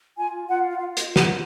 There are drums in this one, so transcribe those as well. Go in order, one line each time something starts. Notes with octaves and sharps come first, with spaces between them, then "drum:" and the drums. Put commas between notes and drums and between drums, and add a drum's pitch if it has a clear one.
F4 G#5
F4 F#5
F#5
F4 F5
D#5, drum: hi-hat
F4
F#5, drum: snare